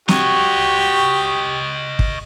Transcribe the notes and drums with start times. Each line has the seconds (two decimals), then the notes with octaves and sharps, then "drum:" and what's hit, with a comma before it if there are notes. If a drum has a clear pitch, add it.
0.08 F#4 G4 C#5 D#5, drum: snare
1.99 drum: kick